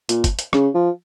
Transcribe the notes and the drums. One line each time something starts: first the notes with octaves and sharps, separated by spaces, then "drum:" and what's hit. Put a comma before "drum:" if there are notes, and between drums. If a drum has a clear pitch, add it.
A#2, drum: hi-hat
drum: kick F#1, hi-hat
drum: hi-hat
C#3, drum: rim click
F3